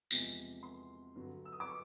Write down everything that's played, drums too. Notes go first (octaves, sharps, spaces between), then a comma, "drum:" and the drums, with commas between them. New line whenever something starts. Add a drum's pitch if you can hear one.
E2 C3 F3 G#3, drum: tambourine
C6
G2 D3 F#3
E6
D#6
D6
C#6